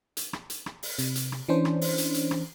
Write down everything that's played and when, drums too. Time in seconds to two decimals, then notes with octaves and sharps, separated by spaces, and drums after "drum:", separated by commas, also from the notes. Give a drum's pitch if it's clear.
0.17 drum: hi-hat
0.33 drum: rim click
0.50 drum: hi-hat
0.66 drum: rim click
0.83 drum: open hi-hat
0.99 C3, drum: hi-hat
1.16 drum: hi-hat
1.32 drum: rim click
1.48 E3 C#4 D4 C5
1.65 drum: rim click
1.81 drum: open hi-hat
1.98 drum: hi-hat
2.14 drum: hi-hat
2.31 drum: rim click